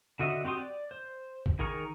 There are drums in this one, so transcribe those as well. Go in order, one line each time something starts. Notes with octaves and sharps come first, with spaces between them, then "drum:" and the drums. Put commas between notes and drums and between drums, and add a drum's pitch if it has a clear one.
D3 F#4 D#5 E5
C4 F#4 G4 C6 D#6
D5
C5
drum: kick A#1
D#3 G#4 A#4 C#6